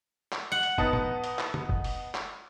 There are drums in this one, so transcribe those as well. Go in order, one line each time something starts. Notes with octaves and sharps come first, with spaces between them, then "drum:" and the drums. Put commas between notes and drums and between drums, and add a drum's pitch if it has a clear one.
drum: clap
F#5
drum: hi-hat
B3 D#4 A5, drum: kick F1
drum: tom
drum: hi-hat
drum: clap
drum: tom
drum: kick F1
drum: open hi-hat
drum: clap